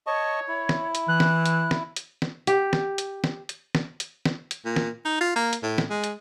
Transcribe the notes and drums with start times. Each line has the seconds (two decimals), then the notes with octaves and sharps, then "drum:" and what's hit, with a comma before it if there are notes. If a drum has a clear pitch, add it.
0.07 C#5 D#5 A5 C#6
0.48 E4
0.69 drum: snare
0.95 drum: hi-hat
1.08 E3 F#6
1.20 drum: snare
1.46 drum: hi-hat
1.71 drum: snare
1.96 drum: hi-hat
2.22 drum: snare
2.47 G4, drum: hi-hat
2.73 drum: snare
2.98 drum: hi-hat
3.24 drum: snare
3.49 drum: hi-hat
3.75 drum: snare
4.00 drum: hi-hat
4.25 drum: snare
4.51 drum: hi-hat
4.65 A#2
4.76 drum: snare
5.05 D#4
5.21 F4
5.36 A#3
5.53 drum: hi-hat
5.63 A2
5.78 drum: snare
5.90 G#3
6.04 drum: hi-hat